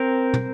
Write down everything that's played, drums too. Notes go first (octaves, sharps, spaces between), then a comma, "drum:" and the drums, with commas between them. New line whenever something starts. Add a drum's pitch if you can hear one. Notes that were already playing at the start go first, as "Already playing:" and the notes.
Already playing: C4 A#4
drum: tom